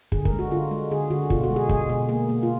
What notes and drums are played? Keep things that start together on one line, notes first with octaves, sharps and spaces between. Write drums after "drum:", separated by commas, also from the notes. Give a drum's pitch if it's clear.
D3 G#4, drum: kick
A#4, drum: kick
G#3
F#4
D3 F4
G#3
D3 G#4
D3 F#4
B2 F4, drum: kick
F#4
G#3
G#4
G#3 G#4, drum: kick
B2 G#4
A#3 G#4
A#3
F4